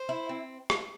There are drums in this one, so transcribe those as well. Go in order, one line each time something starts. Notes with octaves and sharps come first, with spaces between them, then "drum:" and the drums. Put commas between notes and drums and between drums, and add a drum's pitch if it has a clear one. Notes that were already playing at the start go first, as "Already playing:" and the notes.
Already playing: C5
E4
C4
drum: rim click